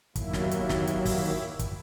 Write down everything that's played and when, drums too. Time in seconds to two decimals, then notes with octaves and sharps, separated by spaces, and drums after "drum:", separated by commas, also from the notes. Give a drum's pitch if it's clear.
0.16 D#2 D#3 F#3 A#3 E4, drum: kick, hi-hat
0.33 drum: snare
0.51 drum: hi-hat
0.69 drum: snare
0.87 drum: hi-hat
1.05 drum: kick, open hi-hat
1.59 drum: kick, hi-hat